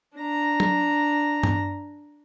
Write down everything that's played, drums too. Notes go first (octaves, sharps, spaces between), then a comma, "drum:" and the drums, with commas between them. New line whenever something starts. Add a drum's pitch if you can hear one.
D4 A#5
drum: tom
drum: tom G2